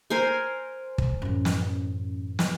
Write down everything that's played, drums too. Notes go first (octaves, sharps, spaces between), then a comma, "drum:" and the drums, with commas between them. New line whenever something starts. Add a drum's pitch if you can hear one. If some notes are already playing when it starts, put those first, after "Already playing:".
A#4 C5 G#5
drum: kick
A1 F#2
drum: snare
drum: snare